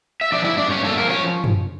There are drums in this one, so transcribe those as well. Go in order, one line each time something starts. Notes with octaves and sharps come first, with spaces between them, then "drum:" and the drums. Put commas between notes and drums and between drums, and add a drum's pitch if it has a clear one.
E5
F3 D4 D5
E4 E5
G2
D4 D5
G2 C#4 C#5
A3 A#3 A4
F3 A#3 A#4
C#4 C#5
drum: tom